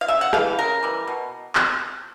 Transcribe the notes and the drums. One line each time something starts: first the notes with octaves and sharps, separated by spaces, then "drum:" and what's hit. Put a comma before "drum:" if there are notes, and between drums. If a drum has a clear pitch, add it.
F5
C#3 E5
F#5
E3 G3 F5, drum: rim click
C#3 A#4
E3 G3
B2
drum: clap